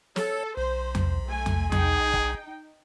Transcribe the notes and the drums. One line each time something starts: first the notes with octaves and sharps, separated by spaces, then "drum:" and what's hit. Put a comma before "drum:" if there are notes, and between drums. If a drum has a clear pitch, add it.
A4 C#5, drum: snare
B1 C5
drum: tom E2
A3 G#5
drum: tom E2
D#4 G#4 G5, drum: tom E2
drum: kick G1